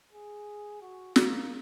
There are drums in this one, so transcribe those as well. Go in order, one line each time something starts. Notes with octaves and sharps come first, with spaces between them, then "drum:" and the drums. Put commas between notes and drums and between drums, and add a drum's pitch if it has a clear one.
G#4
F#4
A#3, drum: snare